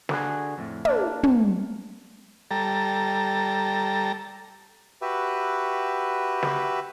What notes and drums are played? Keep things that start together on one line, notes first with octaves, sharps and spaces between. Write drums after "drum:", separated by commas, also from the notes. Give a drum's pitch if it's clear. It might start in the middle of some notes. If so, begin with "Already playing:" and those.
D3 F#4 G#4, drum: snare
F2 A2
A#3 D4, drum: tom
drum: tom
G3 A4 A#5
F#4 G4 B4 E5
drum: snare